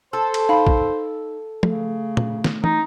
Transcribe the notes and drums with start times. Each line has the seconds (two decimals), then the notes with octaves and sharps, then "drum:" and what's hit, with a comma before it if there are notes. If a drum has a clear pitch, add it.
0.13 A4 C5 E6
0.34 drum: cymbal
0.49 D#4 F5 B5
0.67 drum: kick
1.63 C#3 A3, drum: tom
2.17 drum: tom
2.44 drum: snare
2.64 D#4, drum: tom